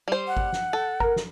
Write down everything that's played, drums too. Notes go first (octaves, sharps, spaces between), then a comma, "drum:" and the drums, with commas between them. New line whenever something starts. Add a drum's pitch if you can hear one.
G3 C5
F#5
drum: kick G#1
drum: snare
A4
A#4, drum: kick G#1
drum: snare